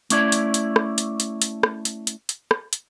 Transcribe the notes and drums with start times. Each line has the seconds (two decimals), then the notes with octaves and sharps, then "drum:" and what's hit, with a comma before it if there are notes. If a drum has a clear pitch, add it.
0.10 A3 C#4 E4 D5, drum: hi-hat
0.32 drum: hi-hat
0.54 drum: hi-hat
0.76 drum: rim click
0.98 drum: hi-hat
1.20 drum: hi-hat
1.42 drum: hi-hat
1.63 drum: rim click
1.85 drum: hi-hat
2.07 drum: hi-hat
2.29 drum: hi-hat
2.51 drum: rim click
2.73 drum: hi-hat